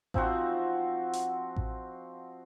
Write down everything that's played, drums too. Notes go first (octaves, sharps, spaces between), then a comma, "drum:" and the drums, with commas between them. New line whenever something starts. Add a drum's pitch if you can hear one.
F3 C4 D#4 F#4, drum: kick A1
drum: hi-hat
drum: kick A1